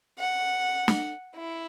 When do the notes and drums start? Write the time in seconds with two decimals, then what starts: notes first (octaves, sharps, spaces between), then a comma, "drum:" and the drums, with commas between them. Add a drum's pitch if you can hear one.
0.19 F#5
0.88 drum: snare
1.36 E4